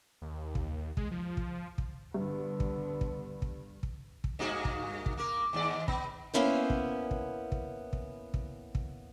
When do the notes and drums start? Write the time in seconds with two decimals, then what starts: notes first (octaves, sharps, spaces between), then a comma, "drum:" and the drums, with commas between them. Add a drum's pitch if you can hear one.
0.22 D#2
0.55 drum: kick
0.97 G#3, drum: kick
1.11 F3
1.37 drum: kick
1.78 drum: kick
2.14 G2 D3 B3
2.60 drum: kick
3.01 drum: kick
3.42 drum: kick
3.83 drum: kick
4.24 drum: kick
4.39 G2 A#3 F#4
4.65 drum: kick
5.06 drum: kick
5.17 A#3 A#4 D6
5.53 D#2 G#2 D5
5.88 B3 B5, drum: kick
6.34 A#3 B3 C#4 E4 C5
6.70 drum: kick
7.11 drum: kick
7.52 drum: kick
7.93 drum: kick
8.34 drum: kick
8.75 drum: kick